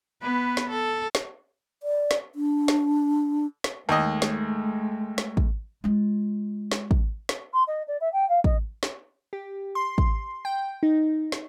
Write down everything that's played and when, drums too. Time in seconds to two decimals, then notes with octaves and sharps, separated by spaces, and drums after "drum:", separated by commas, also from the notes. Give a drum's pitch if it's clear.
0.22 B3 B4
0.57 drum: snare
0.70 A4
1.15 drum: snare
1.83 D5
2.11 drum: snare
2.35 D4
2.68 drum: snare
3.64 drum: snare
3.89 D#2 G#3 A3 D#5
4.22 drum: snare
5.18 drum: snare
5.37 drum: kick
5.84 G#3 F4
6.72 drum: snare
6.91 drum: kick
7.29 drum: snare
7.53 C6
7.67 D#5
7.87 D5
8.00 E5
8.12 G5
8.29 F5
8.44 D#5, drum: kick
8.83 drum: snare
9.33 G4
9.75 C6
9.98 drum: kick
10.45 G5
10.83 D#4
11.32 drum: snare